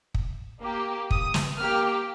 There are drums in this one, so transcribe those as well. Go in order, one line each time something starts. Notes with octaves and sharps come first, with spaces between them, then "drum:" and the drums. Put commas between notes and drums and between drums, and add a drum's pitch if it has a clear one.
drum: kick
A#3 G4
D#6, drum: kick
drum: snare
A#3 G4 F6